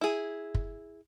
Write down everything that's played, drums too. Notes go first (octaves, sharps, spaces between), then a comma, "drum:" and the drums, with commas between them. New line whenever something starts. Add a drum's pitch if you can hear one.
E4 G#4
drum: kick